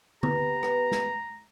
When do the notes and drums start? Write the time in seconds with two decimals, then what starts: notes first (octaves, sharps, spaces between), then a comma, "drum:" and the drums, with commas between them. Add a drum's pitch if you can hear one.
0.23 B3 G4 B4 A#5, drum: tom
0.63 drum: rim click
0.91 drum: snare